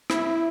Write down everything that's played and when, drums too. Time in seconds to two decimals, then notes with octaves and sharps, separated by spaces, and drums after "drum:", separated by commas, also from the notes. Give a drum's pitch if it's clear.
0.10 E4, drum: rim click